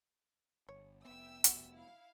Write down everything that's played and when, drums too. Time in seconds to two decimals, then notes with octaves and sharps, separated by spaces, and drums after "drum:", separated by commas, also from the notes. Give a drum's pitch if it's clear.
0.69 G1 C#5
1.05 F1 B3 E5 G5 E6
1.44 G3 F#4, drum: hi-hat
1.72 E4 F5